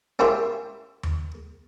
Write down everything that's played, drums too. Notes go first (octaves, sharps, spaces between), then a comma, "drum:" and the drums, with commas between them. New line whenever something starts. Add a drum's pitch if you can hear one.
C#4 E4 F4 G4 A#4 E5
drum: tom D#2